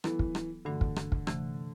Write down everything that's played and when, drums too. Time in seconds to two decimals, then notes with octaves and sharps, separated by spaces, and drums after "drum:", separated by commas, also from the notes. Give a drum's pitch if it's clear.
0.04 E3 F#3 B3 E4 A4, drum: rim click
0.19 drum: kick
0.35 drum: rim click
0.65 G2 D3 E3 A3 D4 F#4
0.81 drum: kick
0.96 drum: rim click
1.12 drum: kick
1.27 C3 E3 A3, drum: rim click